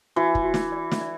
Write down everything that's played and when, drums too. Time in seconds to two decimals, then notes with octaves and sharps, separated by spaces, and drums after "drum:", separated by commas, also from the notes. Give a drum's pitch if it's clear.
0.16 E3 F#4
0.35 drum: kick
0.44 F#4
0.54 drum: snare
0.72 D5
0.92 drum: snare
1.01 D5